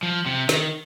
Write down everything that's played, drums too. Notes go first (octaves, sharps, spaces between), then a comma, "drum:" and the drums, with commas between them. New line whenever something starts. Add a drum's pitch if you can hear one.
F3
C3
D#3, drum: snare